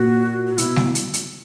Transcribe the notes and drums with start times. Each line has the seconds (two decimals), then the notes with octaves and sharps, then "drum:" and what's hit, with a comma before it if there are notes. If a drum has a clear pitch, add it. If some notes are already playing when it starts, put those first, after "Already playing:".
Already playing: A#2 F#4
0.47 F#4
0.58 B2 E4, drum: hi-hat
0.76 drum: snare G3
0.95 drum: hi-hat
1.14 drum: hi-hat